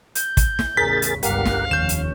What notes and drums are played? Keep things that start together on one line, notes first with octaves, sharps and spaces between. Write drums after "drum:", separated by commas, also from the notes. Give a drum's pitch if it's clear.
G6, drum: hi-hat
drum: kick, hi-hat
drum: snare
A1 E2 C#3 G#4 A#4 A6 B6
drum: hi-hat
G1 C#2 G2 G4 A#4 F5 F#5, drum: hi-hat
drum: snare
F1 D#2 C#4 G6 E7
drum: hi-hat